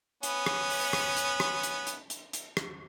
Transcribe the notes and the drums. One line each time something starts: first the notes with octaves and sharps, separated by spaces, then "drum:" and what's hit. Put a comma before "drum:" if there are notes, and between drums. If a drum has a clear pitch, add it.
B3 C#4, drum: hi-hat
drum: rim click
drum: open hi-hat
drum: rim click
drum: hi-hat
drum: rim click
drum: hi-hat
drum: hi-hat
drum: hi-hat
drum: hi-hat
drum: rim click